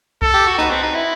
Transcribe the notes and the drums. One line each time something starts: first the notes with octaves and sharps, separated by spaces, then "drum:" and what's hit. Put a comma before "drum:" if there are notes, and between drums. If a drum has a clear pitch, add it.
A4, drum: kick C2
G4
F#4
D#4 B4, drum: snare
C4
D#4
E4